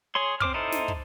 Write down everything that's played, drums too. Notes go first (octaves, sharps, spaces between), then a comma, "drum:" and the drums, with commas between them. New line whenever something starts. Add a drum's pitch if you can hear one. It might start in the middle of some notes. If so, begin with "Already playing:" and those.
G#4 C#5 C6
C4 C5 D6 F6, drum: kick
D#4 E4 A4 C5
drum: snare
drum: kick